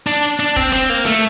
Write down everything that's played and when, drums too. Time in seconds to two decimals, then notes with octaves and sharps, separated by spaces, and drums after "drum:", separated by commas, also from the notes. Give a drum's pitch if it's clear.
0.07 D4, drum: hi-hat
0.40 D4
0.56 C4, drum: kick
0.73 C4, drum: hi-hat
0.90 A#3
1.06 A3, drum: hi-hat